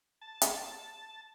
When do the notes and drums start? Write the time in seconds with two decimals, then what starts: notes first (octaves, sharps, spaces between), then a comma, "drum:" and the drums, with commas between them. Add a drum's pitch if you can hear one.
0.22 A5
0.42 drum: hi-hat